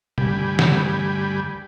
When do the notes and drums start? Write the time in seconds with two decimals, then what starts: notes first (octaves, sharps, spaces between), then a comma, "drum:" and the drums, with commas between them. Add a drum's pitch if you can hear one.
0.18 D2 G2 G3 G5 G#5 B5, drum: tom
0.59 drum: snare